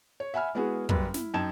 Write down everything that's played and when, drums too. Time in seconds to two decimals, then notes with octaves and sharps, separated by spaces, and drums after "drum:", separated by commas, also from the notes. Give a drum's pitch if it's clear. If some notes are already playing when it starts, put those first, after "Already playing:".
0.20 C#5
0.34 E5 F#5 G#5 B5 F6
0.55 G#3 B3 E4 F#4 G#4
0.89 F#1 F#2 G3 B4, drum: kick
1.14 E4, drum: snare
1.34 F#2 D#4 G5 A5 G#6 E7